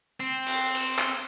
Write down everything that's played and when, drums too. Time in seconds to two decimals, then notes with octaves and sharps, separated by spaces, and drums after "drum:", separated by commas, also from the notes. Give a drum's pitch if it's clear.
0.20 C4
0.47 drum: cymbal
0.75 drum: cymbal
0.98 drum: clap